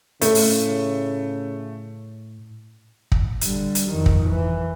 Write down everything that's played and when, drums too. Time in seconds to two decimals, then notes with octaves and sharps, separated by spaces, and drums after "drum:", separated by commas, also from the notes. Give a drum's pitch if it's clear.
0.21 A2 C#3 A3, drum: hi-hat
0.35 drum: open hi-hat
3.12 drum: kick
3.41 D3 G3, drum: hi-hat
3.75 drum: hi-hat
3.87 F2 D#3
4.06 drum: kick
4.29 E3